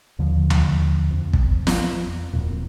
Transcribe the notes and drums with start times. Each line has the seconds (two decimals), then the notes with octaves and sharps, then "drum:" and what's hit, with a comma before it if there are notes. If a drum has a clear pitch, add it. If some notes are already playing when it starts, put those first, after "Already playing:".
0.19 D#2 D3 F3
0.50 drum: tom D2
1.11 F2
1.33 drum: kick
1.67 drum: snare
2.33 D1 G#1 F2 A#2